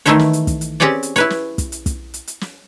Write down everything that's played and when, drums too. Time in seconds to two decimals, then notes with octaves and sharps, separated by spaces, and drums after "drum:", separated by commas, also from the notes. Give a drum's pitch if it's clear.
0.06 D#3 E3 A3 E4 C5 C#5, drum: hi-hat
0.19 drum: snare
0.33 drum: hi-hat
0.47 drum: kick, hi-hat
0.61 drum: hi-hat
0.80 C4 C#4 G4 G#4 C#5 D5
1.03 drum: hi-hat
1.16 E4 B4 C#5, drum: hi-hat
1.30 drum: snare
1.58 drum: kick, hi-hat
1.72 drum: hi-hat
1.86 drum: kick, hi-hat
2.14 drum: hi-hat
2.27 drum: hi-hat
2.41 drum: snare